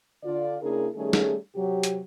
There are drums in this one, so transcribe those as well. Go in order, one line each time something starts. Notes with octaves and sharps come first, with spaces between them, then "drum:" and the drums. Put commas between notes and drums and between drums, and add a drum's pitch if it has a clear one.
D3 F4 D5
C#3 A#3 D4 E4 G#4 A#4
D#3 G3 A3 C#4 G#4
drum: snare
C3 F#3 G4
drum: hi-hat